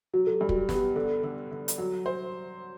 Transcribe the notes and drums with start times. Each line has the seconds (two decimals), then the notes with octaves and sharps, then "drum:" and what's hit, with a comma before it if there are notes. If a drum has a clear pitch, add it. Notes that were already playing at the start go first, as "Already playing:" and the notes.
0.13 F#3 F#4
0.27 A4
0.34 G4
0.41 G2
0.49 F#4, drum: kick
0.55 G4
0.69 B3, drum: snare
0.75 G4
0.96 D3 A4
1.23 D3
1.51 D3
1.68 drum: hi-hat
1.78 F#3
2.06 C5